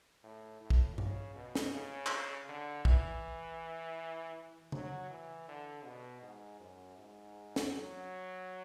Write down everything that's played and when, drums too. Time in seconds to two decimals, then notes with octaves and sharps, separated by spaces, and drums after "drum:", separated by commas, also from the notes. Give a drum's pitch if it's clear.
0.23 A2
0.61 A2
0.70 drum: kick
0.98 C#3, drum: tom G2
1.35 B2
1.55 drum: snare
1.74 C#3
2.06 drum: clap
2.49 D3
2.85 E3, drum: kick
4.72 F#3, drum: tom C#3
5.10 E3
5.48 D3
5.85 B2
6.22 G#2
6.60 F#2
6.98 G#2
7.56 drum: snare
7.73 F#3